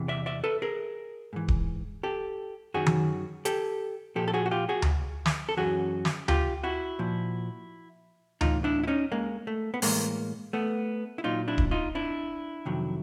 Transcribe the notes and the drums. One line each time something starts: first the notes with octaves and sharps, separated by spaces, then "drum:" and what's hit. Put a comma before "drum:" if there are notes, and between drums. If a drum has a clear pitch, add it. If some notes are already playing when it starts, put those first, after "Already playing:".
Already playing: E2 C3 E3
D5 E5
D5 E5
A4 B4
G#4 A#4
G#2 E3
drum: kick D1
G4 A4
F#2 D#3 F#3 F#4 G#4
drum: tom D#3
G4 A4, drum: hi-hat
A#2 F3 G4 A4
A4
F#4 G#4
F#4
F4 G4
F#4 G#4
drum: tom D2
drum: snare
A4
F#2 C#3 E3 F#4 G#4
drum: snare
F4 G4, drum: tom D2
E4 F#4
A#2 F3
A2 E3 D#4 F4, drum: tom D2
D4 E4
E4
C#4 D#4
G#3 A#3
A3
B3
A2 E3 G#3 A#3, drum: open hi-hat
A3 B3
E4
A#2 F#3 D#4 F4
D4 E4
drum: kick D1
D#4 F4
D4 E4
F2 C3 D#3 F#3